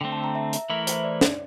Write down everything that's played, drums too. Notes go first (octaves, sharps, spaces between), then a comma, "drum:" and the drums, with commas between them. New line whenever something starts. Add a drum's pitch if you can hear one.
D3 A3 C4 G5
A5
A#5
E5
drum: hi-hat
E3 A3 E4 A#4 E5
C5, drum: hi-hat
D5
drum: snare